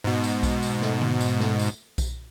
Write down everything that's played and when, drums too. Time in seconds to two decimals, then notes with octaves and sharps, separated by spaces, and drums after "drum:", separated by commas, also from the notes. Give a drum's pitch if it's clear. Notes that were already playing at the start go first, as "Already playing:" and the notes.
0.04 G#2 B2
0.24 drum: tambourine
0.43 drum: kick B1, tambourine
0.62 drum: tambourine
0.82 drum: snare
1.01 drum: tom D3
1.21 drum: tambourine
1.40 drum: snare
1.59 drum: tambourine
1.98 drum: kick B1, tambourine